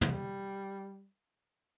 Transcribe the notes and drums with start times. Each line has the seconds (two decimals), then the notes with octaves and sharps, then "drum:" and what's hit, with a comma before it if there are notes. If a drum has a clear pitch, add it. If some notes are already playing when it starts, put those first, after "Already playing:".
0.01 G3, drum: tom